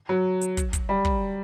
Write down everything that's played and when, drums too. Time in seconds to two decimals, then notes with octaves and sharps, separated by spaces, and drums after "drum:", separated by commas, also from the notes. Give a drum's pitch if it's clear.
0.09 F#3
0.41 drum: hi-hat
0.57 drum: kick, hi-hat
0.73 drum: kick, hi-hat
0.89 G3
1.05 drum: kick